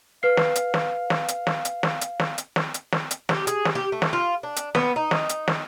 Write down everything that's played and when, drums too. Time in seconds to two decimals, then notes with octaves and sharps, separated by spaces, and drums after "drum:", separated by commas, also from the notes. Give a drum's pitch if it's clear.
0.23 B4 F5 F6 C7
0.37 drum: snare
0.56 drum: hi-hat
0.74 drum: snare
1.10 drum: snare
1.28 drum: hi-hat
1.47 drum: snare
1.65 drum: hi-hat
1.83 drum: snare
2.01 drum: hi-hat
2.20 drum: snare
2.38 drum: hi-hat
2.56 drum: snare
2.74 drum: hi-hat
2.92 drum: snare
3.11 drum: hi-hat
3.29 G4, drum: snare
3.47 G#4, drum: hi-hat
3.65 drum: snare
3.75 G4
3.92 A3
4.02 drum: snare
4.13 F4
4.43 D4
4.56 drum: hi-hat
4.75 B3, drum: snare
4.96 D#4
5.11 drum: snare
5.29 drum: hi-hat
5.48 drum: snare